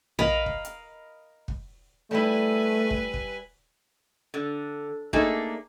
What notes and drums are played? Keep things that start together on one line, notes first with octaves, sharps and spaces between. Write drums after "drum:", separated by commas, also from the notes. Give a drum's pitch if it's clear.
A#4 D#5 F5 B5, drum: tom A#1
drum: kick
drum: hi-hat
drum: kick
G3 A3 E4 B4 G#5
drum: kick
drum: kick
D3
A3 A#3 D4 D#4 G#4, drum: kick